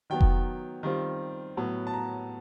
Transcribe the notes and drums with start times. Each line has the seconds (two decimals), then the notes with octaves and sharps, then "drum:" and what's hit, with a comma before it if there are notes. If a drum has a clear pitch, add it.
0.10 D#3 F#3 B3 G5
0.21 drum: kick F1
0.83 D#3 G3 C4 F4
1.57 A2 F#3 B3
1.87 A5
1.94 A#5